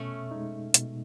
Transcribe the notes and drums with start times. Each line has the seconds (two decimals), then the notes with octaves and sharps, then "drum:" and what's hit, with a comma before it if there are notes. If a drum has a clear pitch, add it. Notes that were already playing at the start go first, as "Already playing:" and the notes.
Already playing: B2 A3 C#4
0.31 G#3 D#4
0.74 B2, drum: hi-hat